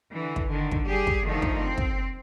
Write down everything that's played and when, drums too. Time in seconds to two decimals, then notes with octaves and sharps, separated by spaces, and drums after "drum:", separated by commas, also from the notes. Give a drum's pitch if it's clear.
0.11 D3 E3
0.36 drum: kick
0.49 D3 D#3
0.71 drum: kick
0.85 G3 G4 G#4
1.07 drum: kick
1.24 D3 D#3 F3 A3 D#4
1.42 drum: kick
1.60 C4
1.78 drum: kick